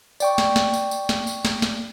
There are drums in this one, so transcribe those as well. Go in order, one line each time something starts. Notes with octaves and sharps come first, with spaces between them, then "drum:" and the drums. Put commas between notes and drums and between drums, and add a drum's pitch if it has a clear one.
D5 G5 C#6, drum: tambourine
drum: snare
drum: snare
drum: tambourine
drum: tambourine
drum: snare
drum: tambourine
drum: snare
drum: snare